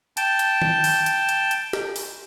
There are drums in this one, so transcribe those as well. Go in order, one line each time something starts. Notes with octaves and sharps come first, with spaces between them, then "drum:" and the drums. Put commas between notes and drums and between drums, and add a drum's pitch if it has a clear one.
G5 A5, drum: hi-hat
drum: hi-hat
drum: tom D#3
drum: open hi-hat
drum: hi-hat
drum: hi-hat
drum: hi-hat
drum: snare
drum: open hi-hat